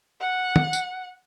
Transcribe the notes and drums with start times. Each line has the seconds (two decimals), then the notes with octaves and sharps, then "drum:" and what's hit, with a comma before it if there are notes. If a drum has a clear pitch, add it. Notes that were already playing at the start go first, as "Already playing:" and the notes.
0.21 F#5
0.56 drum: tom
0.73 drum: tambourine